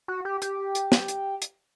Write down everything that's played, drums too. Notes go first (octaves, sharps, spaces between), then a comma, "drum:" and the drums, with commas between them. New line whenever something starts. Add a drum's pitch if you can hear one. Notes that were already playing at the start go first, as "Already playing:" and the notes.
F#4
G4
G4, drum: hi-hat
drum: hi-hat
drum: snare
drum: hi-hat
drum: hi-hat